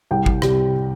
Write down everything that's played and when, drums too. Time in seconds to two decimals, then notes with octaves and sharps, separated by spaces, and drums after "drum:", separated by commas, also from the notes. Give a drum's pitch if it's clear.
0.11 C2 G5
0.26 drum: kick G#1
0.42 C3 G3, drum: rim click